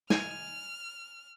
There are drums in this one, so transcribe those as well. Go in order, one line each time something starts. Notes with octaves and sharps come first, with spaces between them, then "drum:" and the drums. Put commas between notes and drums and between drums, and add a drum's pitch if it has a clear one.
G#5 F6, drum: snare